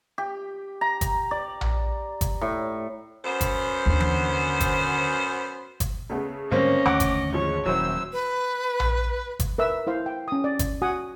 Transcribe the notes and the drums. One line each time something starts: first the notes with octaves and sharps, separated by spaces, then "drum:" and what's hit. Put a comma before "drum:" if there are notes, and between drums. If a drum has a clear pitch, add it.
G4
A#5
drum: kick G1, hi-hat
D5
drum: tom A#1
drum: kick G1, hi-hat
A2
F#2 B3 C5
drum: kick G1, hi-hat
D#2 D3
drum: tom E3
drum: kick G1, hi-hat
drum: kick G1, hi-hat
C#3 A3 B3
G#2 D3 G3 A#3 C4 C#4 D#5
D#2 D3 A3 F#5 D6
drum: kick G1, hi-hat
G#2 F3 G#3 C#5
D#1 F#3 C#4 E4 C5 E6
B4
drum: tom A#1
drum: kick G1, hi-hat
A#4 B4 E5 E6
E4 C5 F5
G5
C#4 D#6
D5
drum: kick G1, hi-hat
F#4 F#5 G#5 D#6